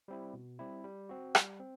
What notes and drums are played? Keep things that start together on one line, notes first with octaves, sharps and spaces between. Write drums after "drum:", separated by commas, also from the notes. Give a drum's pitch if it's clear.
G3 C4 E4
B2
G3 C4 E4
G3
C4 F#4
G3, drum: rim click
C4